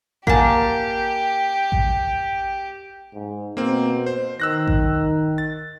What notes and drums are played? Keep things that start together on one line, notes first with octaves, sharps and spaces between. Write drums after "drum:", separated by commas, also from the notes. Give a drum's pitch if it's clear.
A#3 G4 F#5 G#5 A5, drum: kick A1
drum: kick A1
G#2
B2 A#3 C4
C5
D#3 E6 F#6 A#6
drum: kick A1
A6